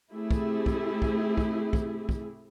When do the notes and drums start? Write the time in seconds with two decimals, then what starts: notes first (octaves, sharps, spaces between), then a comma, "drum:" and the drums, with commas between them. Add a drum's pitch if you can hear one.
0.13 A3 C4 E4 G4 G#4
0.31 drum: kick
0.66 drum: kick
1.02 drum: kick
1.37 drum: kick
1.73 drum: kick
2.09 drum: kick